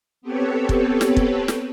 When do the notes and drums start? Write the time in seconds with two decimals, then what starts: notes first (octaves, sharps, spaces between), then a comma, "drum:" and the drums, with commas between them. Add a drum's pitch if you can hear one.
0.22 B3 C4 G4 A4 B4 C#5
0.69 drum: kick
1.01 drum: snare
1.17 drum: kick
1.48 drum: snare